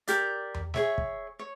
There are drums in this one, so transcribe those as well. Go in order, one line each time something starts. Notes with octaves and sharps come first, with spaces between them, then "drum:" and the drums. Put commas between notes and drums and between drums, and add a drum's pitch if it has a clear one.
G4 A#4 D5, drum: hi-hat
drum: tom E2
G#4 C#5 E5, drum: snare
drum: kick
C#5